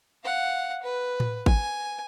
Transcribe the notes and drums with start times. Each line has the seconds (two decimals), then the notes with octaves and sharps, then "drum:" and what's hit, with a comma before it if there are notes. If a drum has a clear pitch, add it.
0.24 F5 F#5
0.83 B4
1.20 drum: tom A2
1.46 G#5, drum: kick G#1